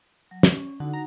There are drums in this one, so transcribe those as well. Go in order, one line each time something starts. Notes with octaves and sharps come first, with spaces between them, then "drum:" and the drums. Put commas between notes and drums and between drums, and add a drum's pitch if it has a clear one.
F#3
C#4, drum: snare
D3 D#4 F#4 F#5
A#5